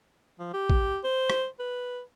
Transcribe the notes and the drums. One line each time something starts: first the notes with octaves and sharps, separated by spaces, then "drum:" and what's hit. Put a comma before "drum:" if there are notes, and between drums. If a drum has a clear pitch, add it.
F3
G4
drum: kick A1
C5
drum: rim click
B4